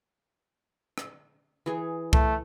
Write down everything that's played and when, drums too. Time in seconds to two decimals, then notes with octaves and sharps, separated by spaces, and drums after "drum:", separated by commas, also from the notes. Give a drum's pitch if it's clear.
0.98 drum: rim click
1.66 E3 G#4
2.13 A3, drum: kick C2